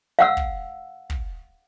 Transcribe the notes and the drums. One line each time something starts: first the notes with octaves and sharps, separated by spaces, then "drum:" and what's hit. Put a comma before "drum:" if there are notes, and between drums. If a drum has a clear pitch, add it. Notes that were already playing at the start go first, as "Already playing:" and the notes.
F5 F#5 E6
drum: kick
drum: kick